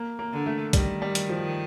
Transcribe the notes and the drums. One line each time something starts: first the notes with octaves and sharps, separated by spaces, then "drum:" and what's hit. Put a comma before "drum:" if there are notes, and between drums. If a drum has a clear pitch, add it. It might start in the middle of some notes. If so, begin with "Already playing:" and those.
Already playing: A#3
A#3
D3
A3
D#3 G3, drum: kick B1, hi-hat
G3
drum: hi-hat
F3